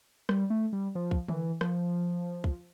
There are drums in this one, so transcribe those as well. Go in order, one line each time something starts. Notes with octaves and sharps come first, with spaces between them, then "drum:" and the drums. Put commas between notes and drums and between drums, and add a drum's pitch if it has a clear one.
G3, drum: rim click
A3
G3
F3
drum: kick
E3, drum: tom D3
F3, drum: rim click
drum: kick